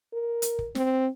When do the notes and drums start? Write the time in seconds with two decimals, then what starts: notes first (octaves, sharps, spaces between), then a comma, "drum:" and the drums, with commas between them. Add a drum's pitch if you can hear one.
0.13 A#4
0.42 drum: hi-hat
0.59 drum: kick
0.75 C4, drum: snare